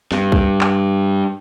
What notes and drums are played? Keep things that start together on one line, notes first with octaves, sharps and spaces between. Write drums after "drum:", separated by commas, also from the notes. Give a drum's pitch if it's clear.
G2, drum: snare
drum: kick
drum: clap